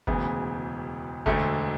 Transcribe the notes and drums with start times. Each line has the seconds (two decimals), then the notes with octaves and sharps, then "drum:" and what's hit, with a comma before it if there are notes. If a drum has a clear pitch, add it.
0.07 E1 D2 C#3 E3 B3, drum: kick F#1
1.26 E1 D2 D3 A3, drum: kick F#1